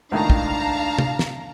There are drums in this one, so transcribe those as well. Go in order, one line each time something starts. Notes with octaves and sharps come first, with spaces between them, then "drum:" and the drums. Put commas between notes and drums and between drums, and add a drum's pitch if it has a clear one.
C#2 A2 D#3 D4 F5 A5 A#5
drum: kick
drum: tom
drum: snare